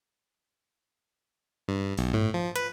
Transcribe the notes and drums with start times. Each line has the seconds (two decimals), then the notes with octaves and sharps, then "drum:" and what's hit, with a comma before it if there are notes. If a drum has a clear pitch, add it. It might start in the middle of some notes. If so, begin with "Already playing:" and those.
1.68 G2
1.98 B1, drum: open hi-hat
2.14 A2, drum: tom G2
2.34 F3
2.56 B4, drum: hi-hat